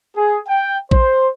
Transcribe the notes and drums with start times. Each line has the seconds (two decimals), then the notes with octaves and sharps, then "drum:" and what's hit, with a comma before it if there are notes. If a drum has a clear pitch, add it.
0.17 G#4
0.48 G5
0.91 C5, drum: kick A#1